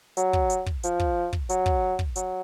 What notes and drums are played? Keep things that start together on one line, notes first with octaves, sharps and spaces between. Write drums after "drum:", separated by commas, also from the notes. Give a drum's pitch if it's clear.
F#3, drum: hi-hat
drum: kick
drum: hi-hat
drum: kick
F3, drum: hi-hat
drum: kick
drum: kick
F#3, drum: hi-hat
drum: kick
drum: kick
F#3, drum: hi-hat